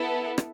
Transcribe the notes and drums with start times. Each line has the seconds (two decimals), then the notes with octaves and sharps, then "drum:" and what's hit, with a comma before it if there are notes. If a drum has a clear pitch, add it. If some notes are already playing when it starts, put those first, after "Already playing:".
Already playing: B3 E4 A4
0.38 drum: rim click